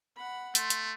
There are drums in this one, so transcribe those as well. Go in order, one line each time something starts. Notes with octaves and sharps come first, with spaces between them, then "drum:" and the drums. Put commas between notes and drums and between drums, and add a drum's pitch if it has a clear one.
F#5 B5
A3 C6, drum: hi-hat
drum: hi-hat